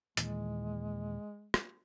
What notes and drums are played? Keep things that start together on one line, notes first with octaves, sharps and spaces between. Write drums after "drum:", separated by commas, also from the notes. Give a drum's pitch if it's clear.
D#2 A#2 E3 G#3, drum: hi-hat
drum: rim click